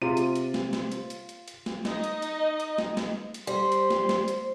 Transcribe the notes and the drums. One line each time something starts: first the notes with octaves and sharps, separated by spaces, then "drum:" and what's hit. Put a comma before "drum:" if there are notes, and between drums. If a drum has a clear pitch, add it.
C3 F4 D#7
drum: hi-hat
drum: hi-hat
drum: snare
drum: snare
drum: hi-hat
drum: hi-hat
drum: hi-hat
drum: hi-hat
drum: snare
D#4 D#5, drum: snare
drum: hi-hat
drum: hi-hat
drum: hi-hat
drum: snare
drum: snare
drum: hi-hat
G3 C5 C6
drum: hi-hat
drum: snare
drum: snare
drum: hi-hat